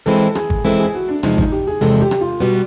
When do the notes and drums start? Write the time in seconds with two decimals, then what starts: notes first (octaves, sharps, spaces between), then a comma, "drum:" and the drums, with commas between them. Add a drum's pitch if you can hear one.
0.06 E3 G#3 C4 E4 A4
0.35 G#4, drum: rim click
0.50 drum: kick G#1
0.64 E3 G#3 C4 E4 A4
0.79 G#4
0.94 F#4
1.08 D4
1.23 E2 C3 F3 G#3 D#4, drum: rim click
1.38 D#4, drum: kick G#1
1.52 G4
1.67 G#4
1.81 E2 C3 F3 G#3 A4
2.01 G4
2.11 drum: rim click
2.21 F4
2.40 B2 G3 B3 F#4